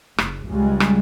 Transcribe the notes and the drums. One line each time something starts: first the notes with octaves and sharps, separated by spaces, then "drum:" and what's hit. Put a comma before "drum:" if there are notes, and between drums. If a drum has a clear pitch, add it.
F#1, drum: rim click
C#2 C#3 G3 G#3
drum: rim click